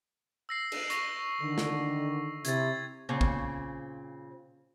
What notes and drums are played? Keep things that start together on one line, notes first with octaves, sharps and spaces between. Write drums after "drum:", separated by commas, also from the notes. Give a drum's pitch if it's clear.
E6 A#6 C7
drum: cymbal
C#6 A#6 F7, drum: hi-hat
D3 D#3
drum: snare
C3 E4 G#6 A6, drum: hi-hat
A#2 C#3 C4
drum: kick